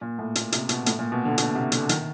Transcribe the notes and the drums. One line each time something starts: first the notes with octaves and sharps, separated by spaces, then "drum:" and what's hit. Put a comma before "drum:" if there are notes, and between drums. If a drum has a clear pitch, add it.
A#2
A2
A#2, drum: hi-hat
C3, drum: hi-hat
B2, drum: hi-hat
A2, drum: hi-hat
A#2
B2
D3
B2, drum: hi-hat
C3
D3, drum: hi-hat
D#3, drum: hi-hat